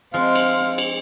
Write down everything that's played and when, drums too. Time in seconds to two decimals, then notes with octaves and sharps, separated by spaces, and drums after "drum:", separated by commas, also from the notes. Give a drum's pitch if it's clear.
0.14 F3 G#3 C4 F5
0.35 drum: cymbal
0.78 drum: cymbal